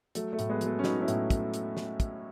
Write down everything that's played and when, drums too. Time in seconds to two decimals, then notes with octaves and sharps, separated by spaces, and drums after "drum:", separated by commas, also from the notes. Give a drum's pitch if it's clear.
0.15 F#3 A3, drum: hi-hat
0.33 A3
0.39 A2, drum: hi-hat
0.49 G#3 B3
0.61 F#3, drum: hi-hat
0.67 A3
0.79 C#4
0.84 F#3 B3 D#4, drum: snare
1.01 C#4 E4
1.08 A2, drum: hi-hat
1.30 drum: kick, hi-hat
1.54 drum: hi-hat
1.77 drum: snare
2.00 drum: kick, hi-hat